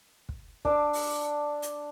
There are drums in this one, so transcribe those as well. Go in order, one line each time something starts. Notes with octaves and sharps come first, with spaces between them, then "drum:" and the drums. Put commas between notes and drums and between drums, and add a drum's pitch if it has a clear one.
drum: kick
D4 D6 E6, drum: kick
drum: open hi-hat
drum: hi-hat